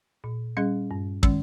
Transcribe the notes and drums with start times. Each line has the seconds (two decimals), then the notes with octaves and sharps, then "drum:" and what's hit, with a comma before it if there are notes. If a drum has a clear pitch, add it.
0.24 A#2
0.57 G3 C#4 G#4 D#5
0.91 G2
1.23 D#3 G#3 C#4, drum: kick